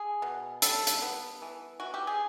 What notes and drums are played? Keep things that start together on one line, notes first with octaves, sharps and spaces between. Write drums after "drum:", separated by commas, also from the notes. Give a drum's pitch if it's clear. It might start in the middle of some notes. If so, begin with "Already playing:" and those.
Already playing: G#4
B2
G3 A4, drum: hi-hat
drum: hi-hat
B3
E3
E3 F#4
G4
G#4